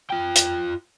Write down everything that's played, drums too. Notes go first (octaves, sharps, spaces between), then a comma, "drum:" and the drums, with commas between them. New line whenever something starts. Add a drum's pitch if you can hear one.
F4 G5
drum: hi-hat